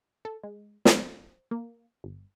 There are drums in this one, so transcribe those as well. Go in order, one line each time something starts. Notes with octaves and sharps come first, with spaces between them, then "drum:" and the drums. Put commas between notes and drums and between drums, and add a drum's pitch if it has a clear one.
A4
G#3
C5, drum: snare
A#3
G1